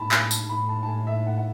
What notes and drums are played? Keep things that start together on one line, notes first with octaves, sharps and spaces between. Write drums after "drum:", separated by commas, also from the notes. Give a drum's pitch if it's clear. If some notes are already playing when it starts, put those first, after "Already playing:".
Already playing: A2 A5 B5
G#5, drum: clap
A5, drum: tambourine
A2 B5
A5
A5
G#5
E5
F#5
F#5